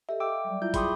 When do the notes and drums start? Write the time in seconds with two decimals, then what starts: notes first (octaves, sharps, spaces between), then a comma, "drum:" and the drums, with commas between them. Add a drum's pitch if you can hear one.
0.09 G4 A4 D#5 E5
0.20 F5 G5 D6 E6
0.44 F#3 G3 D5
0.62 E4 F4 E5 G6
0.74 G#4 G5 B5 C6 D6 D#6, drum: kick, hi-hat